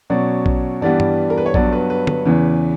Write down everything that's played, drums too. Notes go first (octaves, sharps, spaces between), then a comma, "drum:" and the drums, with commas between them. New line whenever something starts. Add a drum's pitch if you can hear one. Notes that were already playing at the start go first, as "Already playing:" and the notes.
B2 F#3 C#4 D5
drum: kick A#1
G2 E3 G3 B3 D5
drum: tom G2
A#4
B4
C#5
G2 F#3 B3 D5, drum: kick A#1
B4
B4
B4, drum: tom
E2 C#3 E3